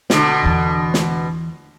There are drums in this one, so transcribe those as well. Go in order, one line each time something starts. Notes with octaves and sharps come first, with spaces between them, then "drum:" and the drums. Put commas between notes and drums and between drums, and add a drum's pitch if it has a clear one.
B2 D3, drum: snare
E2 E3
drum: snare